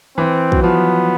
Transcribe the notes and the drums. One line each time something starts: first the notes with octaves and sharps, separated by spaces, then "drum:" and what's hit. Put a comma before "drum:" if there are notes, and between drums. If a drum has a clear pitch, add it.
E3 C4
F#3, drum: kick
F3 B3